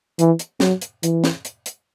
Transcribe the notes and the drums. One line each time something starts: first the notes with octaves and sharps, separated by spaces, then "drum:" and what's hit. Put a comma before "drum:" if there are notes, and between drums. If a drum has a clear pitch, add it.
E3, drum: hi-hat
drum: hi-hat
F#3, drum: snare
drum: hi-hat
E3, drum: hi-hat
drum: snare
drum: hi-hat
drum: hi-hat